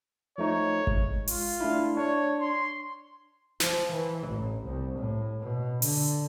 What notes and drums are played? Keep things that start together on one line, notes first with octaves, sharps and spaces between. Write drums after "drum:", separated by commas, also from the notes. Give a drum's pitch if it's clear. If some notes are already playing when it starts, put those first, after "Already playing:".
F3 A3 D#4 C#5
G#3, drum: kick G#1
F4, drum: open hi-hat
A3 D4 E4
D4 C#5
C6
F3, drum: snare
E3
A1
C2
A2
B2
D3, drum: open hi-hat